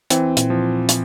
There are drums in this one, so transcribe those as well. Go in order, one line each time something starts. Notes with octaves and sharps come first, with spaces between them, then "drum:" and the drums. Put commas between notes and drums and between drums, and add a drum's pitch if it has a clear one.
E3 C4, drum: hi-hat
A#2, drum: hi-hat
F3
drum: hi-hat